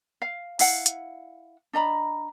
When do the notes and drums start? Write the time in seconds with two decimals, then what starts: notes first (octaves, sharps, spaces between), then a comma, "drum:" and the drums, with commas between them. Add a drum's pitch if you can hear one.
0.22 F5
0.59 E4 F5 F#5, drum: open hi-hat
0.86 drum: hi-hat
1.73 D4 D#5 A#5 B5